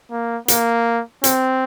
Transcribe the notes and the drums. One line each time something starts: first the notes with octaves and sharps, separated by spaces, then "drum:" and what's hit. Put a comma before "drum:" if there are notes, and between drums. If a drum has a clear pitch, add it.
A#3
A#3, drum: hi-hat
C4, drum: hi-hat